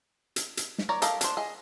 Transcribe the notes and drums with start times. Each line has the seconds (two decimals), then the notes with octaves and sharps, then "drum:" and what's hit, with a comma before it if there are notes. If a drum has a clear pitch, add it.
0.36 drum: hi-hat
0.57 drum: hi-hat
0.78 drum: snare
0.89 A#4 C#5 D5 A#5
1.02 G4 A4 A#4 D#5 F5, drum: hi-hat
1.21 D4 C5, drum: hi-hat
1.37 G#4 D#5